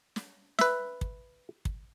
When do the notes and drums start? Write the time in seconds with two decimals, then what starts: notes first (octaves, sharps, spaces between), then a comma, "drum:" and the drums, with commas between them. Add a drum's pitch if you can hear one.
0.16 drum: snare
0.59 B4 E5, drum: snare
1.01 drum: kick
1.65 drum: kick